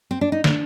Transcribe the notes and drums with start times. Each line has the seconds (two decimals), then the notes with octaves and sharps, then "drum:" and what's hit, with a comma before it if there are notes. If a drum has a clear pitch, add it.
0.11 C4
0.21 D4
0.32 D#4
0.44 D4, drum: snare